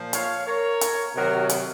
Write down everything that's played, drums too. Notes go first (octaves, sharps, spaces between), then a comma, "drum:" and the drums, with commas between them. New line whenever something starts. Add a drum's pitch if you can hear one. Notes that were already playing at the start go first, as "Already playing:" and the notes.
Already playing: A#2 F3
C#5 F5, drum: hi-hat
A#4 C#5
drum: hi-hat
C3 D#3 F#3 F#4 A#4
drum: hi-hat